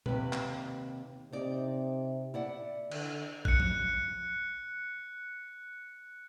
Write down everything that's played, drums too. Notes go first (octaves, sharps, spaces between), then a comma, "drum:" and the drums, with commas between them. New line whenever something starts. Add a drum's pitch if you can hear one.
D#2 G#2 C3 B4, drum: tom A#2
drum: clap
C3 D#4 D5
E4 D5 F#5
D3, drum: cymbal
F#6 C#7, drum: kick A1
drum: tom F3